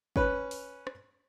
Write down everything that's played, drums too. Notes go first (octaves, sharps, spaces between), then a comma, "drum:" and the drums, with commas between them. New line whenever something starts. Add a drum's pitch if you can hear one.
C#4 B4, drum: kick G#1
drum: open hi-hat
drum: rim click